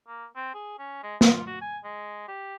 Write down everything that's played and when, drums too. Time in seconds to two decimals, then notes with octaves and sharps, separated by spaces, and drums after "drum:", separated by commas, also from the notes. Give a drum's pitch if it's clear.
0.07 A#3
0.36 C4
0.54 G#4
0.79 C#4
1.03 G#3
1.21 F4, drum: snare
1.47 F#4
1.61 G#5
1.84 G#3
2.28 G4